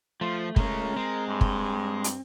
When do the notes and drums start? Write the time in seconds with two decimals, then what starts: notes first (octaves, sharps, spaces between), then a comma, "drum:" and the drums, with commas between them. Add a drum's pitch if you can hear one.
0.21 F3 A3 F4
0.56 G#3 C#4 A#4, drum: kick
0.97 G#3 C4
1.28 G2
1.41 drum: kick
2.04 drum: hi-hat